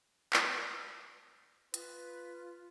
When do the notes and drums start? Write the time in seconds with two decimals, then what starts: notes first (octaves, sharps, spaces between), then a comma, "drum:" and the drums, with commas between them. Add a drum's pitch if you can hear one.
0.33 drum: clap
1.74 F4 B4, drum: hi-hat